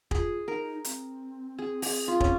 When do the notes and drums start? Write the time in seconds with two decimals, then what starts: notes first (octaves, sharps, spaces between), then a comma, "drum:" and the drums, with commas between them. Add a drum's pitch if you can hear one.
0.11 F4 G#4, drum: kick
0.48 D#4 A#4
0.85 C4, drum: hi-hat
1.59 G#4
1.82 G#4, drum: open hi-hat
2.08 F4
2.20 C#4, drum: kick